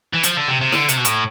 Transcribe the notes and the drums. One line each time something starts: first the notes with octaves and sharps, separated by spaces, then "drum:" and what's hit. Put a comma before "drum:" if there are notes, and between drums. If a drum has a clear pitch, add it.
E3
F3, drum: hi-hat
D3
C3
C3
D3, drum: snare
C3, drum: hi-hat
B2
A2, drum: hi-hat